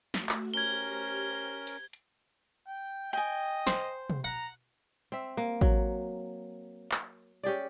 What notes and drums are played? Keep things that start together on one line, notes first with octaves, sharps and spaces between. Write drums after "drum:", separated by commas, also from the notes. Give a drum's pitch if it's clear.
A3 F#4, drum: snare
drum: clap
C#4 G4 A#4 C5 A#5 G#6 G7
drum: open hi-hat
drum: hi-hat
G5
D#5 G5 G#5
C5, drum: snare
drum: tom
F#5 A#5
C4 E5
A#3
F#3, drum: kick A1
drum: clap
C#4 G4 G#4 D5